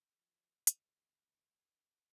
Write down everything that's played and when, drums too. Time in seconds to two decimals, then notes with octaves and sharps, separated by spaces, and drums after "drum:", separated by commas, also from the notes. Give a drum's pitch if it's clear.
0.20 F3
0.67 C#2, drum: hi-hat